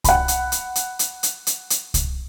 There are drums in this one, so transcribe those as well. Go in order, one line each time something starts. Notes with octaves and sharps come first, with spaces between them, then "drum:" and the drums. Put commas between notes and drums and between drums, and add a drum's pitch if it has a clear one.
F#5 B5, drum: kick C2, hi-hat
drum: hi-hat
drum: hi-hat
drum: hi-hat
drum: hi-hat
drum: hi-hat
drum: hi-hat
drum: hi-hat
drum: kick C2, hi-hat